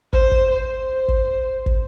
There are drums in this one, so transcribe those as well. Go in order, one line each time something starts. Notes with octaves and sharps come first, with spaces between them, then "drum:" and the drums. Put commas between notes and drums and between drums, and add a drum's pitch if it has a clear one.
C5, drum: kick
drum: kick
C5
drum: kick
drum: kick